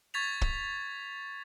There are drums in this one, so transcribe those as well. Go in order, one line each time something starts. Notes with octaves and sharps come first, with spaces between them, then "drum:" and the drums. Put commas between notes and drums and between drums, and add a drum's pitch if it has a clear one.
C#6 G#6 A6 B6 F7
drum: kick